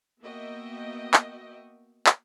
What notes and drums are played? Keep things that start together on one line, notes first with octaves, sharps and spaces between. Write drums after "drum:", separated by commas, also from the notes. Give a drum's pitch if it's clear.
A#3 B3 F#4 D#5 E5 G5
drum: clap
drum: clap